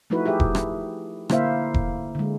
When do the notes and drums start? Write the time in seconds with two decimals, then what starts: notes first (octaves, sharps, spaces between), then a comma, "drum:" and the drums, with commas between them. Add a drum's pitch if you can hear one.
0.10 F3 A3 D#4 E4 F#4 B4
0.26 G4 G#4 E5
0.40 drum: kick E1
0.55 drum: rim click
1.29 D3 A#3 E4 C5 E5 F5, drum: rim click
1.74 drum: kick E1
2.15 D3 G#3